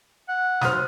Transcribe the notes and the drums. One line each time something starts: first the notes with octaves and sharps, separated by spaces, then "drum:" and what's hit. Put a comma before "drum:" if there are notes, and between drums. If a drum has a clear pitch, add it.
F#5
D#2 F#3 C5 D#6 F6, drum: snare